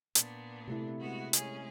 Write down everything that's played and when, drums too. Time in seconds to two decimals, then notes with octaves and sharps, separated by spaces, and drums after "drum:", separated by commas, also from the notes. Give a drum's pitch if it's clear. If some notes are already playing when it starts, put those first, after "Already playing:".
0.15 A#2 B3 D4, drum: hi-hat
0.68 C3 A3 E4
0.99 G#3 B3 F#4
1.33 G#3 C#4 G#4, drum: hi-hat